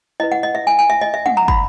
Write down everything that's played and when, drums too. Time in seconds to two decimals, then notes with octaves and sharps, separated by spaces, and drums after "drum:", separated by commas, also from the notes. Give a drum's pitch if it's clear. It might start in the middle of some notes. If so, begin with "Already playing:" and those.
0.20 E4 B4 D#5
0.32 F#5
0.43 D#5
0.55 E5
0.67 G#5
0.79 G#5
0.90 E5
1.01 D#5
1.14 E5
1.26 F#5, drum: tom
1.37 A#5
1.48 B5, drum: kick